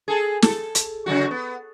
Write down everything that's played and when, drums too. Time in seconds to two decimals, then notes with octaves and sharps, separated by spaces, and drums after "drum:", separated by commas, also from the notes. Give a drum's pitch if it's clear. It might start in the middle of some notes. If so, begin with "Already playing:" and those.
0.08 G#4 A4
0.42 A4, drum: snare
0.75 drum: hi-hat
1.06 C#3 F#3 F#4
1.31 B3